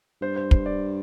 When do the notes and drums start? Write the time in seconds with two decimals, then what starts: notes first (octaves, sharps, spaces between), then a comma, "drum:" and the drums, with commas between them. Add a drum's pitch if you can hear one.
0.22 G2 C5
0.36 C5
0.51 C5, drum: kick
0.66 D5